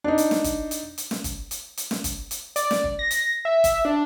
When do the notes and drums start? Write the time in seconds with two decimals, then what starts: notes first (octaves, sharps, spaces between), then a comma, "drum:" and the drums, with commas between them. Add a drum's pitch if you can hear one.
0.04 D4 D#4
0.18 drum: hi-hat
0.31 drum: snare
0.44 drum: kick G1, hi-hat
0.71 drum: hi-hat
0.98 drum: hi-hat
1.11 drum: snare
1.24 drum: kick G1, hi-hat
1.51 drum: hi-hat
1.77 drum: hi-hat
1.91 drum: snare
2.04 drum: kick G1, hi-hat
2.31 drum: hi-hat
2.56 D5, drum: hi-hat
2.71 drum: snare
2.84 drum: kick G1
2.99 A#6
3.11 drum: hi-hat
3.45 E5
3.64 drum: kick G1, hi-hat
3.85 D4